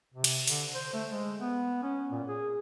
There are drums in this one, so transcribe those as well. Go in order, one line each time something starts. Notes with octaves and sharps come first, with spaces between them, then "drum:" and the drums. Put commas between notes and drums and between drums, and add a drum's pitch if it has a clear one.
C3
drum: cymbal
D3, drum: open hi-hat
C5
A3
G#3
B3
C#4
A#2
G#4